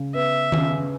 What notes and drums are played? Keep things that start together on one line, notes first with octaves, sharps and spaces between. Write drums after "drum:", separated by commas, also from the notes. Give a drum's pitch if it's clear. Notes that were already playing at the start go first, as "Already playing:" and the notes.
Already playing: C#3
B3 E5
C#3, drum: tom D#3